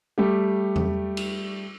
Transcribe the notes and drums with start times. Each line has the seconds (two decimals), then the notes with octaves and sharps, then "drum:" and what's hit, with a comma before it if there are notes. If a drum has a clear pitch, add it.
0.18 G3 A3 G4
0.76 drum: tom E2
1.17 drum: cymbal